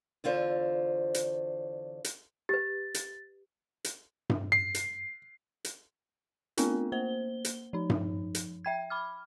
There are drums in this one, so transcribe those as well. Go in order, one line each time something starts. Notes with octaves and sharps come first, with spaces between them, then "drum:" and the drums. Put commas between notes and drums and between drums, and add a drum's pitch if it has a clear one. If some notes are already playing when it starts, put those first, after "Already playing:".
E2 D3 F4 C5 C#5
drum: hi-hat
drum: hi-hat
G4 B4 A6
drum: hi-hat
drum: hi-hat
drum: tom G2
C7
drum: hi-hat
drum: hi-hat
A3 B3 C4 D4 F4 A#4, drum: hi-hat
A#3 C5 G7
drum: hi-hat
F3 D#4
drum: tom G2
drum: hi-hat
E5 G5 G#6
B5 D6 F6